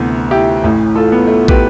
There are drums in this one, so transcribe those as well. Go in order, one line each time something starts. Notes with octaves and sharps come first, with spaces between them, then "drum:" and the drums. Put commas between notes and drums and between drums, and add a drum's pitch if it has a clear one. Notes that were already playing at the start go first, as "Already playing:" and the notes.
Already playing: D2 C3 E3 B3 C4
E4 G4
A1 A2 E3
F4 A4
B3
A3
G4 B4, drum: kick